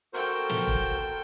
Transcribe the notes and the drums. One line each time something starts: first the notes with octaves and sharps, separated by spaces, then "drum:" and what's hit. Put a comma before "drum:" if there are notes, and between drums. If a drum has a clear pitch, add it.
F#4 A4 A#4 C5 G5
drum: snare
drum: kick F1